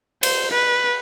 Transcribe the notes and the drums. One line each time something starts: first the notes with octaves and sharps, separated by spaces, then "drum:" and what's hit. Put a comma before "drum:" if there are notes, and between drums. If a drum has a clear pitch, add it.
C5, drum: cymbal
B4